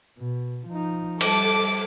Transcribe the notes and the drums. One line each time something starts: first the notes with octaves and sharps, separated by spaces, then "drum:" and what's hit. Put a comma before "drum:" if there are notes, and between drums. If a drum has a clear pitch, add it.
B2
F3 D#4
G3 A4 D6, drum: cymbal